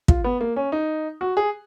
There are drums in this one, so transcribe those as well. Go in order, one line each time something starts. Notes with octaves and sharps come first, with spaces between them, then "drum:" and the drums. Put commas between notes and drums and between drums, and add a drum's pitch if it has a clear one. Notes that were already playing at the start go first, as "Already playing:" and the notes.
F4, drum: kick
B3
A#3
C#4
D#4
F#4
G#4